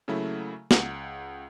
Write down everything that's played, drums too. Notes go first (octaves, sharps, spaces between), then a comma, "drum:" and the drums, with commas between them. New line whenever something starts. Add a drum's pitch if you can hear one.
C#3 F#3 A3 A#3 E4
C#2 F#5, drum: snare